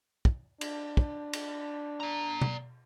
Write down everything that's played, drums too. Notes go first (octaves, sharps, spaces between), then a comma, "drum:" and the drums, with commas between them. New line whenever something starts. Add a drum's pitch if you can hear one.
drum: kick
D4, drum: cymbal
drum: kick
drum: cymbal
D5 A#5
drum: tom B2